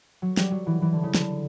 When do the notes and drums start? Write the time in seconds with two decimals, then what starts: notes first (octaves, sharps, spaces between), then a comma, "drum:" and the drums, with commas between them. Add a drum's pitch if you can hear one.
0.22 F#3
0.37 G3, drum: snare
0.51 F#3
0.67 E3
0.82 E3
0.93 D3
1.03 C#3
1.15 D3, drum: snare